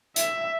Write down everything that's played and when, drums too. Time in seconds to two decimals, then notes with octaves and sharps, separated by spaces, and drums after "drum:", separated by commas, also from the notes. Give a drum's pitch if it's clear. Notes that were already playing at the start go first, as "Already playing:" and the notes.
0.16 E5, drum: hi-hat